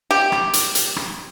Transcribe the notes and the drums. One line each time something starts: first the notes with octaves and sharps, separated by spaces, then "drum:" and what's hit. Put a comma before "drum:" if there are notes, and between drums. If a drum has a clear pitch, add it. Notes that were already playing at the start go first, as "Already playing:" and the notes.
G4
drum: rim click
drum: hi-hat
drum: hi-hat
drum: rim click